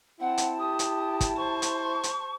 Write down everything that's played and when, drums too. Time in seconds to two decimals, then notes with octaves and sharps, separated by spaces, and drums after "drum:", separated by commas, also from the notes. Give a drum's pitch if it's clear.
0.20 C4 E4 F#5 A5
0.38 drum: hi-hat
0.58 G4 D#6
0.79 drum: hi-hat
1.21 drum: kick, hi-hat
1.37 C5 C#6
1.62 drum: hi-hat
2.03 drum: hi-hat